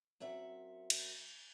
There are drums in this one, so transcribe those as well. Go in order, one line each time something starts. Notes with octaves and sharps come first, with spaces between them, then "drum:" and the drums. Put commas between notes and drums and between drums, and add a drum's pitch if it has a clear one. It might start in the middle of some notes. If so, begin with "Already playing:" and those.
F#2 C4 E5 F#5
drum: cymbal